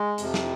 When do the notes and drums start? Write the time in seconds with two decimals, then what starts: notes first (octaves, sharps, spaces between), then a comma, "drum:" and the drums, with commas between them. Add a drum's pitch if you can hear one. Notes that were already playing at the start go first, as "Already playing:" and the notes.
Already playing: G#3
0.18 F2 C3 F3, drum: hi-hat
0.34 drum: snare